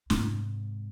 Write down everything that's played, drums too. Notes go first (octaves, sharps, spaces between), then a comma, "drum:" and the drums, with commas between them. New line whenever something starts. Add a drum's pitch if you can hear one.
G#2 C3, drum: snare